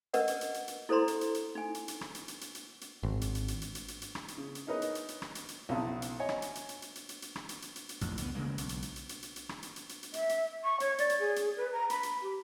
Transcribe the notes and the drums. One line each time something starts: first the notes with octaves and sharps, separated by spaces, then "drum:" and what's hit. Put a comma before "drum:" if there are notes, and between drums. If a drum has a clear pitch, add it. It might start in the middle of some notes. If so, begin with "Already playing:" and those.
C#4 A#4 B4 D5 D#5 F#5, drum: hi-hat
drum: hi-hat
drum: hi-hat
drum: hi-hat
drum: hi-hat
E4 A4 C5 D5 A#5 C6
drum: hi-hat
drum: hi-hat
drum: hi-hat
D#4 G#5
drum: hi-hat
drum: hi-hat
drum: rim click
drum: hi-hat
drum: hi-hat
drum: hi-hat
drum: hi-hat
drum: hi-hat
G#1
drum: hi-hat
drum: hi-hat
drum: hi-hat
drum: hi-hat
drum: hi-hat
drum: hi-hat
drum: hi-hat
drum: rim click
drum: hi-hat
C#3
drum: hi-hat
D#4 G#4 A#4 B4 C#5 D#5
drum: hi-hat
drum: hi-hat
drum: hi-hat
drum: rim click
drum: hi-hat
drum: hi-hat
B1 F2 C#3 E4 A5 D#6
drum: hi-hat
C#5 D#5 G#5
drum: rim click
drum: hi-hat
drum: hi-hat
drum: hi-hat
drum: hi-hat
drum: hi-hat
drum: hi-hat
drum: hi-hat
drum: rim click
drum: hi-hat
drum: hi-hat
drum: hi-hat
drum: hi-hat
A1 F2, drum: hi-hat
C#2 B3, drum: hi-hat
C#3 E3 G#3 A#3
B1, drum: hi-hat
drum: hi-hat
drum: hi-hat
drum: hi-hat
drum: hi-hat
drum: hi-hat
drum: hi-hat
drum: rim click
drum: hi-hat
drum: hi-hat
drum: hi-hat
drum: hi-hat
E5, drum: hi-hat
drum: hi-hat
C#6
C#5, drum: hi-hat
D5, drum: hi-hat
drum: hi-hat
G#4
drum: hi-hat
B4
A#5
B5, drum: hi-hat
drum: hi-hat
G4